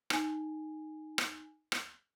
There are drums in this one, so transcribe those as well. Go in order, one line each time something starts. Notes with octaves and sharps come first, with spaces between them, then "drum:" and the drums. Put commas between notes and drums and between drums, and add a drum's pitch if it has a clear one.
D#4 G#5, drum: rim click
drum: rim click
drum: rim click